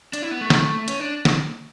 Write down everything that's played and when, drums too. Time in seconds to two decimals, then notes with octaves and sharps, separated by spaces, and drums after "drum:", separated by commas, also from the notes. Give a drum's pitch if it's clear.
0.13 D4, drum: hi-hat
0.22 E4
0.31 B3
0.41 A3
0.50 drum: snare
0.88 C#4, drum: hi-hat
1.00 D4
1.25 drum: snare